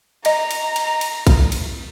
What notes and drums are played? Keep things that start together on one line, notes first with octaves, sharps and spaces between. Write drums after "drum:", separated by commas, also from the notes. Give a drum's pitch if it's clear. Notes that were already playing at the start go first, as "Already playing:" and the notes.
D#5 A#5, drum: cymbal
drum: cymbal
drum: cymbal
drum: cymbal
drum: kick A#1, cymbal
drum: cymbal